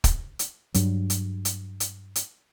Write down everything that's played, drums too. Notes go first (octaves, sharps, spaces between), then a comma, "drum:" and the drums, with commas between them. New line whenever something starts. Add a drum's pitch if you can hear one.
drum: kick, hi-hat
drum: hi-hat
G2 F#3, drum: hi-hat
drum: hi-hat
drum: hi-hat
drum: hi-hat
drum: hi-hat